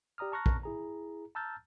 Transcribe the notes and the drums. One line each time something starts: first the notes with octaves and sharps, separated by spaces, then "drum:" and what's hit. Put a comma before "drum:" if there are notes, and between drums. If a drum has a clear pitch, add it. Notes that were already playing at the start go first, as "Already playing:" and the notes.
G4 D5 A#5 D#6 F6
A5 A#5 C#6 F6 F#6 A#6
drum: kick A#1
E4 G#4 A#5
A5 A#5 E6 F6 G6 A6